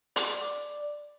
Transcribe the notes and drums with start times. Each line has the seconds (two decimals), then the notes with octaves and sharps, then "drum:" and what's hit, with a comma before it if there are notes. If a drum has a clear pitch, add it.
0.16 D5, drum: hi-hat